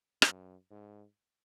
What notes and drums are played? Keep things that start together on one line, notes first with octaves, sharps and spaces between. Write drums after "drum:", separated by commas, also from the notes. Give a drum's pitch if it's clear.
F#2, drum: rim click
G#2